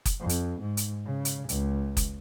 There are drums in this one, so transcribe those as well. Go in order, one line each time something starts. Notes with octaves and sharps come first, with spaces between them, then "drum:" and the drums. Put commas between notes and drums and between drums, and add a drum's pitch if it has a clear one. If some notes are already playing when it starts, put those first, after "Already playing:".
drum: kick F#1, hi-hat
F2
drum: hi-hat
G#2
drum: hi-hat
C#3
drum: hi-hat
C#2, drum: hi-hat
drum: kick F#1, hi-hat